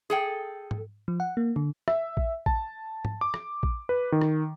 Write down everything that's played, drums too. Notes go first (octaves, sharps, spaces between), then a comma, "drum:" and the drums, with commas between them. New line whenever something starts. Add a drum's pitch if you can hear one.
G#4 A4 G5
drum: tom G#2
F3
F#5
A#3
D3
E5, drum: rim click
drum: kick A#1
A5, drum: kick A#1
drum: tom G#2
D6
drum: rim click
drum: kick A#1
B4
D#3
drum: rim click